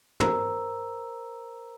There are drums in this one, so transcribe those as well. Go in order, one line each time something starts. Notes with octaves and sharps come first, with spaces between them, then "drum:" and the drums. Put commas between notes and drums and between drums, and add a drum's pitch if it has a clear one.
A#4 C5 A#5 E6, drum: tom